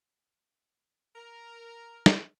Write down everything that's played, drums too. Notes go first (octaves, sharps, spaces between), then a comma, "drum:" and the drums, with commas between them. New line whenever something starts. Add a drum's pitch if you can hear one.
A#4
drum: snare